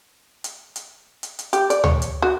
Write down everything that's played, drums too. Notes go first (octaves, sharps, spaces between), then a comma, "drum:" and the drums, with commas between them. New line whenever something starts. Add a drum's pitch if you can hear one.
drum: hi-hat
drum: hi-hat
drum: hi-hat
drum: hi-hat
G4, drum: hi-hat
D5, drum: hi-hat
C#5, drum: tom D2
drum: hi-hat
F#4